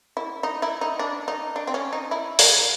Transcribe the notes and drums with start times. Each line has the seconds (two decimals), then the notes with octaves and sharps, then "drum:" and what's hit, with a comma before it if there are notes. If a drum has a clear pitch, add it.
0.17 E4
0.43 D#4
0.62 E4
0.81 D#4
0.99 D4
1.28 D#4
1.56 D4
1.67 C4
1.74 C#4
1.93 D#4
2.11 E4
2.39 A#4, drum: open hi-hat